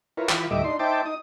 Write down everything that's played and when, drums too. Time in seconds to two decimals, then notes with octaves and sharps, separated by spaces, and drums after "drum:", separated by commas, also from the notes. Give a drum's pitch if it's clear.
0.17 E4 F4 A#4 B4 C#5
0.29 E3 F4 B5, drum: clap
0.51 D2 A2 G3 D#5 E5 D6
0.64 D4 D#4 C6
0.79 D#4 C5 E5 G5 A5 D6
1.05 D#4 D#6